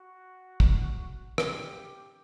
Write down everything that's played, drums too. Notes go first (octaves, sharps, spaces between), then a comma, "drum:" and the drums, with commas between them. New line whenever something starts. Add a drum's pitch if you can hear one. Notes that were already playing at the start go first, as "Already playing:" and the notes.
Already playing: F#4
drum: kick
G4, drum: rim click